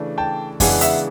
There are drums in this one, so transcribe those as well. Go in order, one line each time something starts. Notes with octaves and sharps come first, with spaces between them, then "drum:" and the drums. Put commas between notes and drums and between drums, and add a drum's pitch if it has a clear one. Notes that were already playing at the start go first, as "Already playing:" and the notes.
Already playing: C#3 E3 A3 D4
G5 A5
C#3 E3 G#3 B3 D4 F#5 G#5, drum: kick F2, open hi-hat
E5 F#5, drum: hi-hat